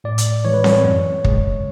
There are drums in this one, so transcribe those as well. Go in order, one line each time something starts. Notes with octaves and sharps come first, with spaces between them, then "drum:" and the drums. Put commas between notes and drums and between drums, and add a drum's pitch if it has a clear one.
A2 D5
drum: hi-hat
E3 G#3 C#5
B4
C#5, drum: snare C4
F#2
C#3 G#3, drum: kick